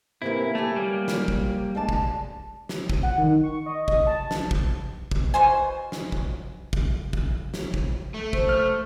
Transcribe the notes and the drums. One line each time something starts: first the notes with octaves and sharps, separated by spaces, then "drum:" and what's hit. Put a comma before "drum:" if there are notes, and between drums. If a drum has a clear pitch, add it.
C3 E3 A#3 E4
A3 G4 C#5 G#5
G3 A#3
drum: snare
drum: kick
G#3 D4 A5
drum: kick
drum: snare
drum: kick
F#5
D#3
C#6
D#5
D#5, drum: kick
A5
drum: snare
drum: kick
drum: kick
B2 C5 G#5
drum: snare
drum: kick
drum: kick
drum: kick
drum: snare
drum: kick
A3
C5, drum: kick
F6